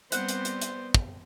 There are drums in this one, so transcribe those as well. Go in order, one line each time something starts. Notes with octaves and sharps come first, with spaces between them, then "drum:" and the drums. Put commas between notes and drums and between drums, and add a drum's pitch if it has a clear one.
G3 B3 C4 C5 F#5, drum: hi-hat
drum: hi-hat
drum: hi-hat
drum: hi-hat
drum: kick